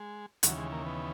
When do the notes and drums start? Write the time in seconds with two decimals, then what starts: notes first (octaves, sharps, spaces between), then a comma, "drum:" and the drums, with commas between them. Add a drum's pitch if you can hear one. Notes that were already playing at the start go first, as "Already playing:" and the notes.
Already playing: G#3
0.43 D#2 C#3 E3 F#3, drum: hi-hat
0.57 G#3
0.72 A#3
0.86 B3